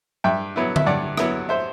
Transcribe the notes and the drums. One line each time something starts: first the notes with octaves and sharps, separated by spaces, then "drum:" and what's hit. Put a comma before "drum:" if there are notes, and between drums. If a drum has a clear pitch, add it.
G2 E5 G5
F#3 B3 E4
E5, drum: tom D3
G2 D5 F#5
F#3 B3 E4, drum: rim click
C5 E5